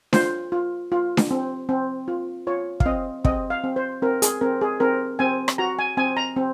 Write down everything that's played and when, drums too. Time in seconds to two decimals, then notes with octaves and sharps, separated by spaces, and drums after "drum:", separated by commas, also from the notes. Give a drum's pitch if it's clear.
0.13 F4 C5, drum: snare D4
0.52 F4
0.92 F4
1.17 drum: snare D4
1.31 C4
1.69 C4
2.08 F4
2.47 F4 C#5
2.80 F5, drum: kick
2.86 C4 D#5
3.25 C4 D#5, drum: kick
3.50 F5
3.64 C4
3.76 C5
4.02 C4 A#4
4.22 G#4, drum: hi-hat
4.41 C4 A#4
4.61 G#4
4.80 C4 A#4
5.19 C4 G#5
5.48 drum: rim click
5.58 F#4 A#5
5.79 G#5
5.97 C4 G#5
6.17 A#5
6.36 C4